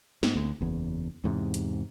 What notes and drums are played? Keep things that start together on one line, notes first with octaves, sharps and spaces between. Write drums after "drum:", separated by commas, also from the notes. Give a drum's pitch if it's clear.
G#2, drum: snare
D2
F#1 E2
E2 G#2 C3
drum: hi-hat